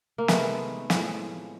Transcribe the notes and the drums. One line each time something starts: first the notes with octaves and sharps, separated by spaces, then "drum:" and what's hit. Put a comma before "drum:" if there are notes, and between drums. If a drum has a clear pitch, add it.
A#3
C3 D#3 G#3 A3 B3, drum: snare
A2 F3 G#3, drum: snare